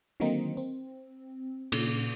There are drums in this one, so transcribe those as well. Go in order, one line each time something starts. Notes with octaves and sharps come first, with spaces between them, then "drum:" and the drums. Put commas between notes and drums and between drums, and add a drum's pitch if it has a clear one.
D3 D#3 F#3 A#3 C4 D#4
C4
A#2 C#3, drum: cymbal